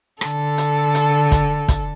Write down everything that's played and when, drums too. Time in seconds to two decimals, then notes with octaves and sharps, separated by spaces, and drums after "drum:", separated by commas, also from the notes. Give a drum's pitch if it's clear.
0.21 D3 A4, drum: rim click
0.58 drum: hi-hat
0.95 drum: hi-hat
1.32 drum: kick, hi-hat
1.68 drum: kick, hi-hat